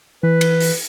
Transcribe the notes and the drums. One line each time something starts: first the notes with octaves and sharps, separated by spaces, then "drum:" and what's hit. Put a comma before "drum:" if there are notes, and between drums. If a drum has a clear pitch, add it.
E3 B4
drum: cymbal
drum: open hi-hat